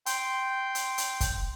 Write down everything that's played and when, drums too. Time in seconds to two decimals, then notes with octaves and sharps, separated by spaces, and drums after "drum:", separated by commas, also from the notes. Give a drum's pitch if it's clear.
0.06 G5 C6, drum: hi-hat
0.75 drum: hi-hat
0.98 drum: hi-hat
1.21 drum: kick, hi-hat